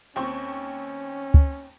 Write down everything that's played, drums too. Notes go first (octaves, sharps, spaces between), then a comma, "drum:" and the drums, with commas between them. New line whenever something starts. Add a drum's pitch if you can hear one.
D#2 C4 C#4 C#6
drum: kick